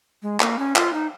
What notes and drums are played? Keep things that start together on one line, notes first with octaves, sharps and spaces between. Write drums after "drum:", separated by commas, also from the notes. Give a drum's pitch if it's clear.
G#3
A#3, drum: clap
C#4
F4, drum: clap
D#4